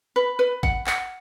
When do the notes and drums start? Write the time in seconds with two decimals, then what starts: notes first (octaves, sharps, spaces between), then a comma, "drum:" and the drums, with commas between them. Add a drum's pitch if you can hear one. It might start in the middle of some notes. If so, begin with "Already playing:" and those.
0.16 B4
0.39 B4
0.63 F#5, drum: kick G#1
0.87 F#5, drum: clap